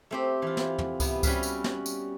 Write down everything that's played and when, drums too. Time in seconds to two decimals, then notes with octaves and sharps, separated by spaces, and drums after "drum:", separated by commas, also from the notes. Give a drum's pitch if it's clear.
0.11 A3 C4 G4
0.42 E3 F4
0.57 drum: snare
0.78 drum: tom
1.00 C3 B3, drum: kick C#2, tambourine
1.23 G3 C#4 F#4 B4 E5 F5, drum: kick C#2, tambourine
1.43 drum: tambourine
1.64 drum: snare
1.86 drum: tambourine